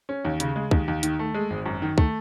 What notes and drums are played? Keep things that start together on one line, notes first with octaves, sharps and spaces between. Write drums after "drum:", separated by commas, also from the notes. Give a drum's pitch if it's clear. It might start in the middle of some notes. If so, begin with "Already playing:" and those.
C#4
D#2
C#3, drum: hi-hat
G#3
D#2, drum: kick
D#2
D#3, drum: hi-hat
A3
G#3
G#1
F#2
D#3
A3, drum: kick